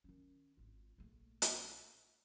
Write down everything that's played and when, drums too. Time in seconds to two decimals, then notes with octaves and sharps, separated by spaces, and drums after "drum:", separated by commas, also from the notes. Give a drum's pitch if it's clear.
0.04 D#3 C#4
0.57 G#1 F4
0.98 A#1 A3
1.42 drum: hi-hat